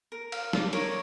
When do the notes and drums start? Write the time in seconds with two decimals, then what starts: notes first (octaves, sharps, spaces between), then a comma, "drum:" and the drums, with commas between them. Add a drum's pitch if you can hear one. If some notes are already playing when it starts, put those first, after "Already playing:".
0.12 A#4
0.32 F5, drum: cymbal
0.53 D5, drum: snare
0.73 A#4 C#5, drum: cymbal